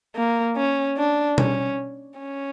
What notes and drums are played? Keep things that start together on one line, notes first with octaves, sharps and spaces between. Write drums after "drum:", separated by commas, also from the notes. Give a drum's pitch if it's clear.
A#3
C#4
D4
C#4, drum: tom B2
C#4